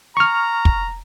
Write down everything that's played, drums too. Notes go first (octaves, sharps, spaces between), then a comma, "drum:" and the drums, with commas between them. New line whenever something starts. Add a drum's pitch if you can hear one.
A#5 C#6 F6
drum: kick